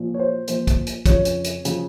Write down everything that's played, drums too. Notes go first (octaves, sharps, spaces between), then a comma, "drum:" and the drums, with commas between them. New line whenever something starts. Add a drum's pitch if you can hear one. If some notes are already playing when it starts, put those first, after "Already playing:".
Already playing: A#2 F3
C#5
C5
A#2 F3 C5, drum: hi-hat
drum: kick, hi-hat
drum: hi-hat
F2 C#3 F3 C#5, drum: kick, hi-hat
drum: hi-hat
drum: hi-hat
C#3 F3, drum: hi-hat